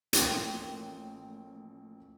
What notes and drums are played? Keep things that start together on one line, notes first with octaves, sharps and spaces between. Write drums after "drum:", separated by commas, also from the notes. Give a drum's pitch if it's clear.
A1 F3 A#3 C#4 G5 C6, drum: hi-hat